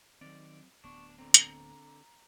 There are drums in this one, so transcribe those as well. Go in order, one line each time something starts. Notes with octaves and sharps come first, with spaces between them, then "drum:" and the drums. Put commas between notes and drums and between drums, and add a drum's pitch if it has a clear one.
D#3 F#3 C4 D5
D1 B3 D4 C#6
D3 C4 A#5
drum: hi-hat